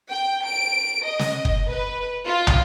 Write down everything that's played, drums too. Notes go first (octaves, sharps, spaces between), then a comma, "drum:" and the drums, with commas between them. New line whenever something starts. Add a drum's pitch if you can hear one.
G5
D7
D#5
drum: snare
drum: kick
B4
F4
drum: tom